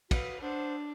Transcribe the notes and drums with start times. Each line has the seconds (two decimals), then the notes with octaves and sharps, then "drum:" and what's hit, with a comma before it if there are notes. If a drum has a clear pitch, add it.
0.11 F#4 B4 F5 D#6, drum: kick, cymbal
0.40 D4 C5 F#5 D#6